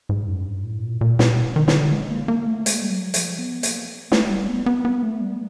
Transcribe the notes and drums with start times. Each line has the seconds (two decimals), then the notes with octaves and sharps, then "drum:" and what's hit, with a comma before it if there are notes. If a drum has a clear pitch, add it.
0.09 G#2
0.28 F#2
0.46 G2
0.64 A2
0.83 A#2
1.01 A#2
1.19 B2, drum: snare
1.56 D#3
1.68 D#3, drum: snare
1.74 D3
1.92 G#3
2.11 A#3
2.28 A#3
2.47 A3
2.66 G#3, drum: hi-hat
2.81 G3
2.90 F#3
3.14 F3, drum: hi-hat
3.39 B3
3.63 A#3, drum: hi-hat
4.12 A3, drum: snare
4.30 G3
4.48 B3
4.66 B3
4.85 B3
5.03 A3
5.21 G3